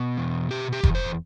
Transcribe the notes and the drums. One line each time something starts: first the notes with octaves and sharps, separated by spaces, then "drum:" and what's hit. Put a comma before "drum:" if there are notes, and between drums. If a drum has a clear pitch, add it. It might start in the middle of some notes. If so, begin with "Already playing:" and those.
Already playing: B2
E2
B2 G4
G4
E2, drum: kick F1
C5